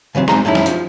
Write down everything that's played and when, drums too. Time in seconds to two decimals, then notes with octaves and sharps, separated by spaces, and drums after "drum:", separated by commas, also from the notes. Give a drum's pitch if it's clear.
0.15 C#3 E3 F#3 C4
0.28 E2 G#3 C4 D#4 A#5 C6, drum: snare
0.45 F#2 G#3 A3 C#4 D#4 E4
0.55 drum: snare
0.66 F3, drum: hi-hat